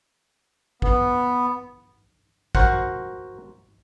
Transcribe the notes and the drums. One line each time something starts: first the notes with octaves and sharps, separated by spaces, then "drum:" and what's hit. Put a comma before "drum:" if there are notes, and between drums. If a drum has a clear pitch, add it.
B3, drum: kick A1
F#4 A#4 C5 F#5, drum: kick A1